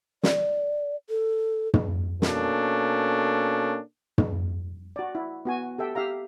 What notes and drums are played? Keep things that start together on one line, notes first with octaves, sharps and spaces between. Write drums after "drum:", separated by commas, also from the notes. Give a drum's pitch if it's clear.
D5, drum: snare
A4
drum: tom
B2 A#3 C#4 D4 A4, drum: snare
drum: tom
F#4 D5
E4
B3 F#4 G#5
G4 A4 E5 G5
G4 E5 F5 A#5